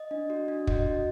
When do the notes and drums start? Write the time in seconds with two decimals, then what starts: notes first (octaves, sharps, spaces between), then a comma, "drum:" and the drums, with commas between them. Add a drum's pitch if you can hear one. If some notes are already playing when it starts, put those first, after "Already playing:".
Already playing: D#5
0.11 D4
0.30 F#4
0.48 D4
0.67 F#4 D#5, drum: kick
0.86 F#4